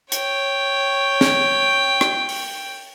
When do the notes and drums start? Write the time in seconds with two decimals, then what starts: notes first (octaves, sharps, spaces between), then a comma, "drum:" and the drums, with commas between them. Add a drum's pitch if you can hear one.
0.12 C#5 G5, drum: hi-hat
1.21 drum: snare
2.01 drum: rim click
2.29 drum: open hi-hat